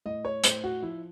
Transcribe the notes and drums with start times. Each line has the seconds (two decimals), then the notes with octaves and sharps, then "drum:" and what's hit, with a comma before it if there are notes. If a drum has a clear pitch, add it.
0.06 A2 D#5
0.25 C#5
0.44 A2 C5, drum: hi-hat
0.64 F#4
0.82 F3 E4